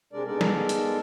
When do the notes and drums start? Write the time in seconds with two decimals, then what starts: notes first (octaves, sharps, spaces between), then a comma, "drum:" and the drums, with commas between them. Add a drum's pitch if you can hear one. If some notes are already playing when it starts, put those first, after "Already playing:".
0.13 C3 G#3 D4 A#4 D5
0.27 G#3 B3 D#4 A4 A#4 D5
0.41 drum: snare
0.69 drum: hi-hat